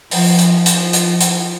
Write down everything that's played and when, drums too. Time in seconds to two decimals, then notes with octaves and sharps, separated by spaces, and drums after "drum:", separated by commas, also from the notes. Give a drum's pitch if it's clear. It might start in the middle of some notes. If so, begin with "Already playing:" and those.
0.11 F3, drum: open hi-hat
0.39 drum: hi-hat
0.66 drum: hi-hat
0.93 drum: hi-hat
1.21 drum: hi-hat